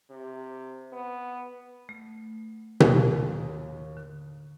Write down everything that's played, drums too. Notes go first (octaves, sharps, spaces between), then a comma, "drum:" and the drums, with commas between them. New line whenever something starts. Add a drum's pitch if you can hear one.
C3
B3
A3
D#2 A2 A4 A#4 F5 D#6, drum: tom B2
D3